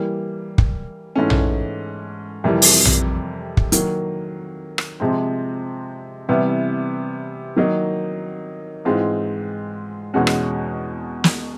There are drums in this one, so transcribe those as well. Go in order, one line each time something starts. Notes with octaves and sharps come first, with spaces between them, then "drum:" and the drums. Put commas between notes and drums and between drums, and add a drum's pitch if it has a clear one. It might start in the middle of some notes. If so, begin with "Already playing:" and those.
Already playing: E3 G3 A#3
drum: kick
G#2 E3 A3 C#4
drum: tom A#1
F2 C3 E3 G3 A#3
drum: open hi-hat
drum: tom A#1
drum: kick
D#3 F#3 A#3, drum: hi-hat
drum: rim click
C3 F3 G#3 C4
C3 E3 G3 B3 E4
D#3 F#3 A#3 D#4
G#2 E3 G#3 C4 F4
E2 B2 G#3 C#4 F#4
drum: rim click
drum: snare